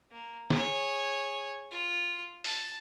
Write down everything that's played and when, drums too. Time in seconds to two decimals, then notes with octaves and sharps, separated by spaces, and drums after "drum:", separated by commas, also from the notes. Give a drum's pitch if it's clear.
0.12 A#3
0.50 G#4 C#5, drum: snare
1.71 F4
2.44 A5, drum: open hi-hat